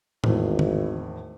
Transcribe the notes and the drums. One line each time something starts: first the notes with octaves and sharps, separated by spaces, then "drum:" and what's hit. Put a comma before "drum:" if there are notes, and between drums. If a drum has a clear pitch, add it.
G#1 E2 A2, drum: tom A2
drum: tom D3